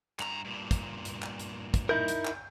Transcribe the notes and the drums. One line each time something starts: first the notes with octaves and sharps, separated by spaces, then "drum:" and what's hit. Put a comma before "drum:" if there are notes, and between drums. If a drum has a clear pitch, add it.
G2 A#5, drum: clap
G2 A#2
drum: kick, hi-hat
drum: hi-hat
drum: clap
drum: hi-hat
drum: kick, hi-hat
D#4 E4 A#4 G6
drum: hi-hat
drum: clap